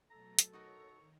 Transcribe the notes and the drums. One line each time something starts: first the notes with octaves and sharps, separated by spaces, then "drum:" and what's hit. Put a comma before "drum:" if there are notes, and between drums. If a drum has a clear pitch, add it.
B2 F#3 A3 A4 A#5
drum: hi-hat
D#4 F#4 A#4 C#5 A#5 C#6
D#3